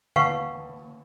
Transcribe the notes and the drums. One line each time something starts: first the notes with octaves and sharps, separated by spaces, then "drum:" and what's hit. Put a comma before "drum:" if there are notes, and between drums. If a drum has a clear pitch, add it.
B4 F5 F#5 C#6, drum: tom D3